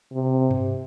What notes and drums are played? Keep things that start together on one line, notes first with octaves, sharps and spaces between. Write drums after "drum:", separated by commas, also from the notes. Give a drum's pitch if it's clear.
C3
drum: tom G2